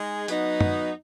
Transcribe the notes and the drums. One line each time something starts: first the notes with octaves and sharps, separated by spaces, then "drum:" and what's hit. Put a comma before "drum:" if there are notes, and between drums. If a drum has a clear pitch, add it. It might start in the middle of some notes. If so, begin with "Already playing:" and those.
Already playing: G#3 D#4 G#4
F#3 B3 D#4, drum: hi-hat
drum: tom F#2